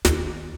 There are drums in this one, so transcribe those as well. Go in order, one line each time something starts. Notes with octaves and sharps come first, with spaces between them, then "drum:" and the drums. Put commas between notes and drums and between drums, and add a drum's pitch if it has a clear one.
D#2, drum: snare